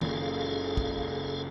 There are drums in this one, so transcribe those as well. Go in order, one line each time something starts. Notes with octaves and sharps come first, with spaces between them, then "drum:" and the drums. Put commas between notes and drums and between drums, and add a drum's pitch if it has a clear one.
F#1 A#2 C#3 G#4 A4 F5, drum: tom
drum: kick